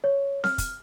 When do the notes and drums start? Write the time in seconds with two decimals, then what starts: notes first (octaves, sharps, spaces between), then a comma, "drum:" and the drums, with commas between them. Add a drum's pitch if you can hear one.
0.04 C#5
0.44 F6, drum: snare C4
0.58 drum: kick, hi-hat